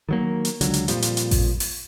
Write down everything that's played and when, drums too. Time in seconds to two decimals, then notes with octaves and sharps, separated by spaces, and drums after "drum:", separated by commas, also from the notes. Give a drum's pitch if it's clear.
0.09 D#3 F#3 A#3
0.45 drum: hi-hat
0.61 C#2 D3 F#3, drum: hi-hat
0.74 drum: hi-hat
0.88 F2 A#2 F3 G3, drum: hi-hat
1.02 drum: hi-hat
1.17 drum: hi-hat
1.31 drum: kick A1, open hi-hat
1.60 drum: open hi-hat